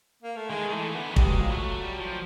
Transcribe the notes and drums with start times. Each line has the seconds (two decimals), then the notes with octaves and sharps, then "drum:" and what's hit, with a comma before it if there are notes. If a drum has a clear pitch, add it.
0.23 A#3
0.36 A3
0.50 D#3 G#3
0.69 G#3
0.72 E3 A3
0.94 D3 B3
1.16 G3 G#3, drum: kick
1.29 F#3
1.41 F3
1.50 F#3 A3
1.83 G3
2.00 F3